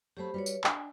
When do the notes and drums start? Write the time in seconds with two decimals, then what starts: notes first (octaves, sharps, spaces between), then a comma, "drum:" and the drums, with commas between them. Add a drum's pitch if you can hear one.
0.17 F#3 A3 G4 C5 B5
0.34 G3 F#4 B4 C#5
0.46 drum: tambourine
0.64 D4 D#5 G5 G#5, drum: clap